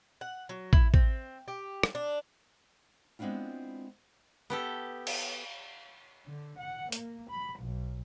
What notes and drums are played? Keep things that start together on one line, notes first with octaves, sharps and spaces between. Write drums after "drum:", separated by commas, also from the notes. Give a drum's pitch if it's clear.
F#5
F#3
E4, drum: kick
C4, drum: kick
G4
drum: rim click
D4
G#3 B3 C4 D4 E4 F4
B3 G4 A4
drum: cymbal
D3
F#5
A#3, drum: hi-hat
B5
B1